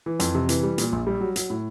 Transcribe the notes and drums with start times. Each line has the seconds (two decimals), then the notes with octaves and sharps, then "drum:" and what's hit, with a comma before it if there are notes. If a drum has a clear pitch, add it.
0.06 E3
0.20 F2, drum: hi-hat
0.35 C3
0.49 E3, drum: hi-hat
0.63 G3
0.78 A#2, drum: hi-hat
0.92 A#1
1.07 G3
1.21 F#3
1.36 F#3, drum: hi-hat
1.50 A2